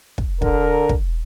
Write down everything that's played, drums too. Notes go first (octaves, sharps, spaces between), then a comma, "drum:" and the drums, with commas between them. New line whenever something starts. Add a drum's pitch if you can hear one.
drum: kick
D3 A#4, drum: kick
drum: kick